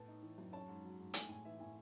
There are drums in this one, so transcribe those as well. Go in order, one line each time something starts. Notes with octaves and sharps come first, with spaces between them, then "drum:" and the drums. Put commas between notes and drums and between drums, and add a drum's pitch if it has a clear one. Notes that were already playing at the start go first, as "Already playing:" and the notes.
Already playing: A2 B3 A5
D#4
E3
F#2
C#4 A5
G#2
F#3
G#2
A3 G#5, drum: hi-hat
A2 G#5
E3 E5
A2 G#5